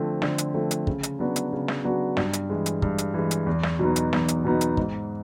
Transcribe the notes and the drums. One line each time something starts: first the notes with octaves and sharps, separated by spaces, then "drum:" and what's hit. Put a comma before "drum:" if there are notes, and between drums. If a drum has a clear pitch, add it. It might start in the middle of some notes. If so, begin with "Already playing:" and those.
Already playing: D3 F3 A3 C4
D3, drum: snare
drum: hi-hat
F3 A3 C4
drum: hi-hat
C#3, drum: kick
drum: hi-hat
F#3 B3 D4 F#4
drum: hi-hat
C#3
drum: snare
F#3 B3 D4 F#4
G2, drum: snare
drum: hi-hat
E3 G#3
drum: hi-hat
G2, drum: kick
drum: hi-hat
E3 G#3
drum: hi-hat
E2
drum: snare
B2 F#3 B3 D#4
drum: hi-hat
E2, drum: snare
drum: hi-hat
B2 F#3 B3 D#4
drum: hi-hat
G#2, drum: kick